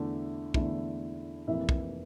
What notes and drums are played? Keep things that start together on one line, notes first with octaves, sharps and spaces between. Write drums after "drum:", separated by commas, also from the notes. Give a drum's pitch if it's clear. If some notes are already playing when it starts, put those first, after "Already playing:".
Already playing: E2 D3 A3 E4
E2 D3 A3 E4, drum: kick
F1 F2 E3 A#3 E4 E5
drum: kick